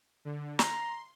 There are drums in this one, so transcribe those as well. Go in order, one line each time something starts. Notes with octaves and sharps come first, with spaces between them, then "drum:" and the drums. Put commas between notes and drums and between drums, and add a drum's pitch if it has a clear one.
D3
A#5 C6, drum: snare